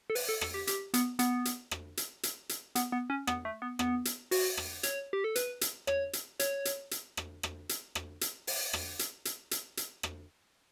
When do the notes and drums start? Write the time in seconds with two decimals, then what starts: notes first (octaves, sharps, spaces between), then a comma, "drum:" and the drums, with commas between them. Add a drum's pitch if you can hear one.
0.10 A4
0.15 B4, drum: open hi-hat
0.29 A4
0.41 A4, drum: rim click
0.54 G4
0.67 G4, drum: hi-hat
0.94 B3, drum: hi-hat
1.19 B3, drum: hi-hat
1.45 drum: hi-hat
1.71 drum: rim click
1.97 drum: hi-hat
2.23 drum: hi-hat
2.49 drum: hi-hat
2.75 B3, drum: hi-hat
2.92 B3
3.10 C#4
3.27 B3, drum: rim click
3.45 A3
3.62 B3
3.79 B3, drum: rim click
4.05 drum: hi-hat
4.31 F#4, drum: open hi-hat
4.57 drum: rim click
4.83 C#5, drum: hi-hat
5.13 G4
5.24 A4
5.35 B4, drum: hi-hat
5.61 drum: hi-hat
5.87 C#5, drum: rim click
6.13 drum: hi-hat
6.40 C#5, drum: hi-hat
6.65 drum: hi-hat
6.91 drum: hi-hat
7.17 drum: rim click
7.43 drum: rim click
7.69 drum: hi-hat
7.95 drum: rim click
8.21 drum: hi-hat
8.47 drum: open hi-hat
8.73 drum: rim click
8.99 drum: hi-hat
9.25 drum: hi-hat
9.51 drum: hi-hat
9.77 drum: hi-hat
10.03 drum: rim click